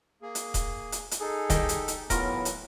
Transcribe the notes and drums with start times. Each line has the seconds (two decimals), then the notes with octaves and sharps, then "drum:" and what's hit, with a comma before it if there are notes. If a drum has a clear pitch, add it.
0.22 A#3 G#4
0.35 drum: hi-hat
0.54 drum: kick D#1, hi-hat
0.92 drum: hi-hat
1.11 drum: hi-hat
1.21 D#4 G#4 A4
1.50 C2 D#3 G4 D#5, drum: kick D#1, hi-hat
1.69 drum: hi-hat
1.88 drum: hi-hat
2.10 A2 E3 F#3 B3 C#4 F4 A#4, drum: kick D#1, hi-hat
2.45 drum: hi-hat